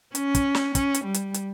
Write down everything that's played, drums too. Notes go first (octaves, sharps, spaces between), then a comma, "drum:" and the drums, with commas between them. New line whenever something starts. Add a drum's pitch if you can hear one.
C#4, drum: hi-hat
drum: kick, hi-hat
drum: snare
C#4, drum: kick, hi-hat
drum: hi-hat
G3
drum: hi-hat
drum: hi-hat